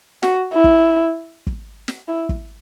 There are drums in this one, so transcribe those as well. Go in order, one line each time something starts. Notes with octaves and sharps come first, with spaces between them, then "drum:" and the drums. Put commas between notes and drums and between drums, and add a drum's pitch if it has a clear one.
F#4, drum: snare
E4
drum: kick
drum: kick
drum: snare
E4
drum: kick